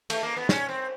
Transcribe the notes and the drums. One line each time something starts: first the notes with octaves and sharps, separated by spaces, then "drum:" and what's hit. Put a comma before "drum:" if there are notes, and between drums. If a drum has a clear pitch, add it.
A3, drum: cymbal
A#3
B3
C#4, drum: snare
C4